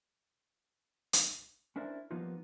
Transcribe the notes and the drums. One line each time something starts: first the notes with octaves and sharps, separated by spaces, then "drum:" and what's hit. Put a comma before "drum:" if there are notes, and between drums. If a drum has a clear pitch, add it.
drum: hi-hat
C#4 D4 E4 A#4 C5 D5
F3 G3 A#3 B3 D#4 F4